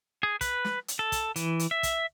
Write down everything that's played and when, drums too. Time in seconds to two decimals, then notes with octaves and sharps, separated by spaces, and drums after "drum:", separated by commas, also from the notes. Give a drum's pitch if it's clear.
0.23 G#4
0.41 B4, drum: kick, hi-hat
0.65 drum: snare
0.88 drum: hi-hat
0.99 A4
1.12 drum: kick, hi-hat
1.36 E3, drum: hi-hat
1.59 drum: hi-hat
1.71 E5
1.83 drum: kick, hi-hat